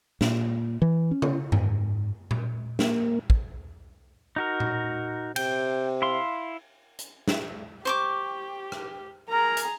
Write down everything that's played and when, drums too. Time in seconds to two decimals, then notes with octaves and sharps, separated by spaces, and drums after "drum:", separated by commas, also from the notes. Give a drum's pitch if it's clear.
0.21 A#2, drum: snare
0.82 E3
1.11 C#4
1.22 drum: tom C#3
1.52 G#2, drum: tom F#2
2.31 drum: tom A#2
2.79 A#3, drum: snare
3.30 drum: kick
4.36 D#4 F#4 A#4
4.60 drum: tom A#2
5.36 C3 G5, drum: cymbal
6.02 E4 F5 C6
6.99 drum: hi-hat
7.28 drum: snare
7.85 G4 C5 C#6 D6
8.72 drum: rim click
9.29 G#4 A#4 A#5
9.57 drum: hi-hat